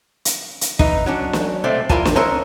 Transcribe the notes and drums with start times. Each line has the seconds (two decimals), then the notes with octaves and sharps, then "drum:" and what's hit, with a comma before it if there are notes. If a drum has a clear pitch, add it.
0.25 drum: hi-hat
0.61 drum: hi-hat
0.79 E3 D#4, drum: kick
1.06 F#3 C#4 D4
1.33 drum: snare
1.64 B1 C3 A3 C4 D5
1.89 E4 F4 A#4 D5 G#5 A5, drum: kick
2.05 drum: snare
2.15 D4 G#4 A#4 C5 C#5 E5